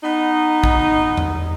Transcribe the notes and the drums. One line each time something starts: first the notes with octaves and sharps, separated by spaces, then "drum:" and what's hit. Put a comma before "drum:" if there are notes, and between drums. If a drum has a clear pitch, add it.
B3 D#4
drum: kick
drum: tom E2